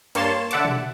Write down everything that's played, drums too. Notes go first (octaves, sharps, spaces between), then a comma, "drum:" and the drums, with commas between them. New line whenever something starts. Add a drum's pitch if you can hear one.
G2 A#3 C#5 A5 C6 E7, drum: cymbal
D3 E5 F#5 A5 D6, drum: hi-hat
drum: tom B2